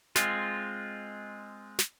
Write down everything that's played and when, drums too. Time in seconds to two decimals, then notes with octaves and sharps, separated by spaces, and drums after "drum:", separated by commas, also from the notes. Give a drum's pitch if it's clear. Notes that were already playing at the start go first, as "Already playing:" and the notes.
0.16 G#3 C4 F4, drum: snare
1.79 drum: snare